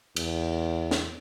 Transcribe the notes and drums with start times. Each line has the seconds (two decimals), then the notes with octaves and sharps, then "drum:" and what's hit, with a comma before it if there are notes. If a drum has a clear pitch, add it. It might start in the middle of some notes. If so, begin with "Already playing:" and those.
0.16 E2, drum: cymbal
0.91 drum: snare